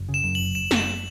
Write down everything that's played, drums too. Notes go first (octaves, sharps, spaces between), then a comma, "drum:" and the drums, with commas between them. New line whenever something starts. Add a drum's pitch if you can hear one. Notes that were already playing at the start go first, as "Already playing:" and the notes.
Already playing: F#1
C#3
E7
F#2
F#1 F#7
F#1 E7
F#1, drum: snare
E7